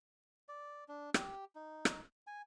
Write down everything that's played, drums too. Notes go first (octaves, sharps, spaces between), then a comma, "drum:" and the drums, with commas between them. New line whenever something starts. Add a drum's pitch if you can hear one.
D5
D4
G4, drum: rim click
D#4
drum: rim click
G#5